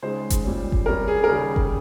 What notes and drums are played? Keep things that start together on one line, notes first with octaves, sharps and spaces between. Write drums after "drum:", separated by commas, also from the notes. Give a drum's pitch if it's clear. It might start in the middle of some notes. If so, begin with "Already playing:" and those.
C#2 C#3 G#3 D#4 C5
drum: kick F#1, hi-hat
A#2 G3 C#4
drum: kick F#1
C3 G3 C#4 A#4
G#4
A#4
D#2 C#3 G3 G#4
drum: kick F#1